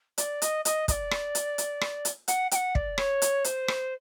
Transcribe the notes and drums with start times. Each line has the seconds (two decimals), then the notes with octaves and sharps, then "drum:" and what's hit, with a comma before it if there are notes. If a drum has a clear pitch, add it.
0.18 D5, drum: hi-hat
0.42 D#5, drum: hi-hat
0.65 D#5, drum: hi-hat
0.88 D#5, drum: kick, hi-hat
0.91 D5
1.11 drum: rim click
1.35 drum: hi-hat
1.58 drum: hi-hat
1.81 drum: rim click
2.05 drum: hi-hat
2.28 F#5, drum: hi-hat
2.51 G5, drum: hi-hat
2.55 F#5
2.75 D5, drum: kick
2.98 C#5, drum: rim click
3.22 drum: hi-hat
3.44 C5, drum: hi-hat
3.68 drum: rim click